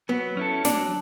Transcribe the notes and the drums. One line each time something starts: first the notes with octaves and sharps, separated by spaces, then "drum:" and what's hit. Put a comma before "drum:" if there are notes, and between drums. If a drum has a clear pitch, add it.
F#3 B3
C#4 E4 A4
F#3 D4, drum: snare